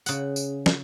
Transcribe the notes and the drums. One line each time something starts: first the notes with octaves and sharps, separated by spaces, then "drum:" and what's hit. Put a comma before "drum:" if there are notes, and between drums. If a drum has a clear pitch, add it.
C#3 F#5, drum: tambourine
drum: tambourine
drum: snare